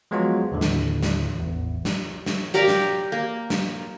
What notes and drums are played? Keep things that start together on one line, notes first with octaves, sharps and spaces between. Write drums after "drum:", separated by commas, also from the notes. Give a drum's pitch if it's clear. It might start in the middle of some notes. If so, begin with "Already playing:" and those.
F3 F#3 G#3 B3 F4 F#4
D#2 A2 D3 E3
drum: snare
drum: snare
A1 E2
drum: snare
drum: snare
G4 A#4 D5 F5
drum: snare
A#3
drum: snare